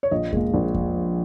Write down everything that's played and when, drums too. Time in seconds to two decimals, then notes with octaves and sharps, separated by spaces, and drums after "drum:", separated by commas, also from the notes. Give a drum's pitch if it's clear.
0.03 C#5
0.11 A#1 D#5
0.33 A#2 G#3, drum: kick E2
0.54 A#1
0.74 drum: kick E2